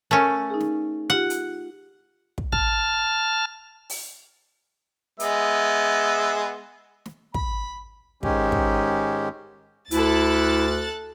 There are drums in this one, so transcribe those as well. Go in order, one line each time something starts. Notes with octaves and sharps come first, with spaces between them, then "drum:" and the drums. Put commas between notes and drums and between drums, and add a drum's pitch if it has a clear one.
A3 C#4 A#4
D#4 G#4
drum: snare
F4 G4 F#5
drum: hi-hat
drum: kick
A5 F6, drum: kick
drum: open hi-hat
G#3 B3 E5, drum: hi-hat
drum: snare
B5, drum: kick
G#2 D#3 G#3 C#4 G4, drum: kick
drum: kick
D2 E4 A4 F#6 A6, drum: hi-hat